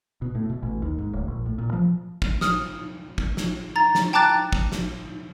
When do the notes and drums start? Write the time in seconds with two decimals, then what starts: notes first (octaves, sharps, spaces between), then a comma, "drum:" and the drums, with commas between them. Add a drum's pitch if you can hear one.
0.22 B2
0.35 A2
0.50 B2
0.63 A1
0.82 D#2
0.98 G#2
1.13 D1
1.28 A#1
1.46 A2
1.58 A#2
1.73 F3
2.22 drum: kick
2.41 D#6 F6, drum: snare
3.18 drum: kick
3.37 drum: snare
3.76 A#5 A6
3.95 drum: snare
4.13 G5 A5 A#5 D6 F#6 A6
4.53 drum: kick
4.72 drum: snare